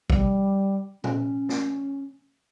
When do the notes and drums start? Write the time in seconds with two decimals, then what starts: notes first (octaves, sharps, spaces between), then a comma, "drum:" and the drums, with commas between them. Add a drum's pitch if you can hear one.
0.10 G3, drum: kick G#1
1.04 C#4, drum: tom A#2
1.49 drum: snare